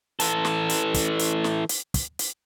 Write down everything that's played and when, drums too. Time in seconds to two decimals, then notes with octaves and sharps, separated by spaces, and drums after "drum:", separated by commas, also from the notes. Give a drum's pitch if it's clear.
0.20 E3 A4, drum: hi-hat
0.45 drum: snare
0.70 drum: hi-hat
0.94 drum: kick, hi-hat
1.19 drum: hi-hat
1.44 drum: snare
1.69 drum: hi-hat
1.94 drum: kick, hi-hat
2.19 drum: hi-hat